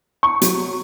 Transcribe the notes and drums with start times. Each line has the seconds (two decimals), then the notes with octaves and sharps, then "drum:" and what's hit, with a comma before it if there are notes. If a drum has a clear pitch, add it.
0.23 C#6
0.42 F#3, drum: hi-hat